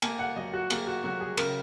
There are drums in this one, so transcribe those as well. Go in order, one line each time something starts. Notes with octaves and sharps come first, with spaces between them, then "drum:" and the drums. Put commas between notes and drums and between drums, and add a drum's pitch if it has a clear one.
A#3 G#5, drum: cymbal
F#5
F#3 D#5
F#4
A#3 G#4, drum: cymbal
F#4
F#3 F#4
G#4
C#3 A#4, drum: cymbal